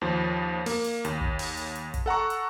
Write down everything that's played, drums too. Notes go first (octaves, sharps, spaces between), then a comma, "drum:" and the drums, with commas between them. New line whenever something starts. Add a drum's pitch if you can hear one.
D#2 F3
A#3, drum: open hi-hat
drum: hi-hat
D#2, drum: hi-hat
drum: kick
drum: open hi-hat
drum: hi-hat
drum: hi-hat
drum: kick, hi-hat
A4 F#5 A#5 C#6
drum: hi-hat